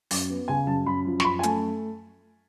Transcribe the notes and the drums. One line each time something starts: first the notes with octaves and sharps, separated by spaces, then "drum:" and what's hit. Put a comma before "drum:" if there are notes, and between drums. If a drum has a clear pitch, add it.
F#2, drum: open hi-hat
B3
C#3 G#5
F#2 A5
F#2 B5
F3
C#6, drum: snare
F#2 B5
G#5
A3 A5, drum: hi-hat